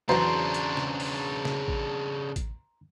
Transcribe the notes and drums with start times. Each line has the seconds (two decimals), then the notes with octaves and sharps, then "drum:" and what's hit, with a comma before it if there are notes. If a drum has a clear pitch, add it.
0.09 E2 C#3 F#3 D4 C5 A#5 C6, drum: snare
0.54 drum: hi-hat
0.77 drum: snare
1.00 drum: open hi-hat
1.45 drum: snare
1.68 drum: kick A1
2.36 drum: kick A1, hi-hat